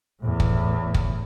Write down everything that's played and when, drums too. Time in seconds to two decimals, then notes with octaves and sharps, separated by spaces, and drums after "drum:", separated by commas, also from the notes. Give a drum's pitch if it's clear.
0.22 E2 A2
0.40 drum: kick
0.94 drum: kick